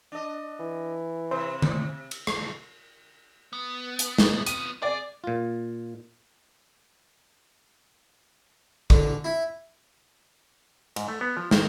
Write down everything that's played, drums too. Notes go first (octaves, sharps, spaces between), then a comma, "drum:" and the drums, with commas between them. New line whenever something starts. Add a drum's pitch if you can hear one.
D4 D#5
E3
C3 C5
drum: tom D3
drum: cymbal
drum: rim click
B3
drum: hi-hat
drum: snare
F3 B3 D#7, drum: hi-hat
G#4 D5
A#2 F4
D3, drum: kick
E4
G#2, drum: cymbal
A3
B3
F3
D#3, drum: snare